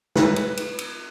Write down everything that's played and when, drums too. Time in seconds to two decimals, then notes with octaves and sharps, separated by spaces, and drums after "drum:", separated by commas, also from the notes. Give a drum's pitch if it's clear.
0.16 B4, drum: snare
0.36 drum: cymbal
0.57 drum: cymbal
0.79 drum: cymbal